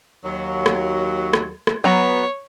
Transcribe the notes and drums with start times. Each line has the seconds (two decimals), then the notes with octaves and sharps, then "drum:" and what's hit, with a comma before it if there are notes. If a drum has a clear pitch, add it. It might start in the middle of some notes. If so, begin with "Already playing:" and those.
0.24 D#2 F#3
0.66 drum: rim click
1.33 drum: rim click
1.67 drum: rim click
1.84 F#3 B3 C#5 A#5